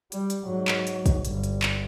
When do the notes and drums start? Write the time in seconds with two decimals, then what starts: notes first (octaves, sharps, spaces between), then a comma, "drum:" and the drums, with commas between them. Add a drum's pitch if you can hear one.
0.12 G3, drum: hi-hat
0.30 drum: hi-hat
0.45 G#2 F#3
0.68 drum: clap
0.87 drum: hi-hat
1.06 drum: kick, hi-hat
1.25 G1, drum: hi-hat
1.44 drum: hi-hat
1.62 drum: clap